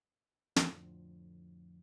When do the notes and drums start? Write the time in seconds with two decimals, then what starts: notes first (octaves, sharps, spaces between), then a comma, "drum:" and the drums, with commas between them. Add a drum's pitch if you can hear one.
0.56 F2 A2 D3 F3, drum: snare